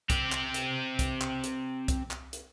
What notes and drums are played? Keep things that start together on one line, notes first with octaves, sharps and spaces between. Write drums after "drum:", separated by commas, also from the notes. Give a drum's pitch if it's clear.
C4 G4, drum: kick C2, hi-hat
drum: clap
drum: hi-hat
drum: kick C2, hi-hat
drum: clap
drum: hi-hat
drum: kick C2, hi-hat
drum: clap
drum: hi-hat